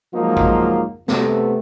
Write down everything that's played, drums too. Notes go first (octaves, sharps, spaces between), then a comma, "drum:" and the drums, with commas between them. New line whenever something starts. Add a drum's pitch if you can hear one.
F3 F#3 G#3 A#3 D#4 F4
drum: kick A1
C3 A3 B3, drum: snare